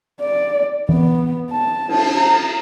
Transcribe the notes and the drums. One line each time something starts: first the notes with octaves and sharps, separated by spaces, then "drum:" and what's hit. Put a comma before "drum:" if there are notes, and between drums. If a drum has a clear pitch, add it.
D5
B3, drum: tom E3
A5
drum: cymbal
A#5